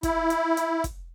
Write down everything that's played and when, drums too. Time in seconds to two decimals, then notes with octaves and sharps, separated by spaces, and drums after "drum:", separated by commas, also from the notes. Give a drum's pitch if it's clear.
0.03 E4, drum: kick, hi-hat
0.30 drum: hi-hat
0.57 drum: hi-hat
0.84 drum: kick, hi-hat